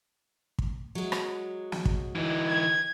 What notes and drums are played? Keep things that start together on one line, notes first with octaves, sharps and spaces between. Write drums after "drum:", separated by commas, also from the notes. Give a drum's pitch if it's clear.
drum: kick
F#3 G#3
drum: rim click
drum: snare
drum: kick
E3 D#4
G#6